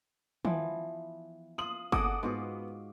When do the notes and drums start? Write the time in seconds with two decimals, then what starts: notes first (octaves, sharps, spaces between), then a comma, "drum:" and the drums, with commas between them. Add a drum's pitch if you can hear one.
0.45 E3 F3 B3, drum: tom D#3
1.58 F4 D#6 F#7
1.92 G#4 A4 D#5 F#5 D6 D#6, drum: kick G1
2.23 G#2 B3 F4 F#4